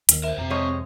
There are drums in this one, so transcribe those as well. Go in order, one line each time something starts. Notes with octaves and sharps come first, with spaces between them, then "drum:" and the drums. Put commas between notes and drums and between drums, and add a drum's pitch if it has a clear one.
D#2 D#3, drum: hi-hat
A#4 C5 E5
F2 C3 C4 A#5
F3 G#3 C#5